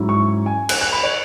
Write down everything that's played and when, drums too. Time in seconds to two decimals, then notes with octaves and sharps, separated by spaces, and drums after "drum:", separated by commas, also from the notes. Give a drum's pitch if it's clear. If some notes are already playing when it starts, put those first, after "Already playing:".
Already playing: G#2 F#3 C#4 E4
0.09 C#6
0.46 G#5
0.69 F#6, drum: cymbal
0.81 F#6
0.92 B5
1.03 C#5